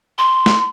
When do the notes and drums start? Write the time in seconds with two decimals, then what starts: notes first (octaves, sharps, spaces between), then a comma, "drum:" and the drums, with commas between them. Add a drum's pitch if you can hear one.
0.18 C6
0.46 drum: snare